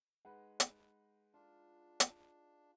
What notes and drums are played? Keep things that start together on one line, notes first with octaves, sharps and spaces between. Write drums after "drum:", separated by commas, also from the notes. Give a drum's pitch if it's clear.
G#3 D#4 B4 F#5
drum: hi-hat
D4 F4
drum: hi-hat